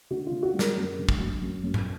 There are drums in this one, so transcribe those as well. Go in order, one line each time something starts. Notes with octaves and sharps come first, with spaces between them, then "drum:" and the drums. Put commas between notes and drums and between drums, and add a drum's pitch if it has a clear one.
D3 F#4
F4
D3
F#4
G3
G#4 A#4, drum: snare
F#2
D3
drum: kick
F#3
F#2
F#2
drum: tom G#2